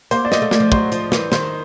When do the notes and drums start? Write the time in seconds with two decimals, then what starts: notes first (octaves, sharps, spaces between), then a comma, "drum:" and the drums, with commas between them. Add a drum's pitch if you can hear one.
0.11 A#3 C5, drum: hi-hat
0.25 D5
0.32 D#5, drum: snare
0.42 A3
0.51 D5, drum: snare
0.60 F3
0.72 F#3 C5, drum: kick
0.92 F3, drum: hi-hat
1.12 E3, drum: snare
1.32 D#3 C5, drum: snare